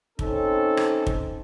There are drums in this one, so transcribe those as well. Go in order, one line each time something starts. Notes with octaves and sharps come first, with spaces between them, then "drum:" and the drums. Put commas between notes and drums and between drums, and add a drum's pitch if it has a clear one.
C4 C#4 D#4 A4, drum: kick
drum: rim click
drum: kick